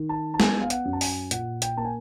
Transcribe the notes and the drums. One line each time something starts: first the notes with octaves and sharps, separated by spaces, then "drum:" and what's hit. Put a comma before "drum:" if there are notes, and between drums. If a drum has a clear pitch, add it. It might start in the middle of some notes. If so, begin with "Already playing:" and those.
Already playing: D#3
A5
A5
B3 G#5, drum: snare
F5
F#5, drum: hi-hat
F#2
A5
G#5, drum: open hi-hat
A#2 F#5, drum: hi-hat
G5, drum: hi-hat
A#3 A5
G#5